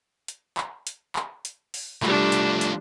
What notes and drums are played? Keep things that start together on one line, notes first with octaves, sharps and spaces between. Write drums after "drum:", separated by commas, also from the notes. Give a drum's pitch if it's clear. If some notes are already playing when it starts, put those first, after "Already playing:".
drum: hi-hat
drum: clap
drum: hi-hat
drum: clap
drum: hi-hat
drum: open hi-hat
F3 G3 A3 D4, drum: clap
drum: hi-hat
drum: hi-hat